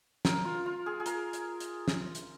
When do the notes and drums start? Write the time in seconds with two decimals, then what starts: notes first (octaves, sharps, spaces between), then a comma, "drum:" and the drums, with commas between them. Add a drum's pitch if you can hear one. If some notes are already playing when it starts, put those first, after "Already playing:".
0.25 A#4, drum: snare
0.45 F4
0.66 F4
0.86 G#4
1.00 G#4
1.06 A#4, drum: hi-hat
1.33 drum: hi-hat
1.60 drum: hi-hat
1.88 drum: snare
2.15 drum: hi-hat